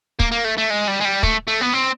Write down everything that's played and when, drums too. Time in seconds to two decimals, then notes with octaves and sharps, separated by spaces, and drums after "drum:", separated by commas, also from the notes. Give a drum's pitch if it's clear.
0.20 A#3, drum: kick
0.32 A#3
0.45 A3
0.58 A3
0.70 G#3
0.88 G3
1.01 G#3
1.05 G3
1.23 A3, drum: kick
1.48 A3
1.61 B3
1.73 C4